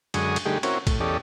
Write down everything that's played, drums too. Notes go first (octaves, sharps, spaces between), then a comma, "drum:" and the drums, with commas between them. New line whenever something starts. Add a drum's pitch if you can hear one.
F#2 D3 G#3 G#5 C#6 D#6, drum: cymbal
drum: cymbal
D3 G3 A3 D#4 G4 G#4
C4 C#4 E4 F#4 A#4 C#5, drum: cymbal
A2, drum: kick, cymbal
E2 C#4 G4 A4 D5 D#5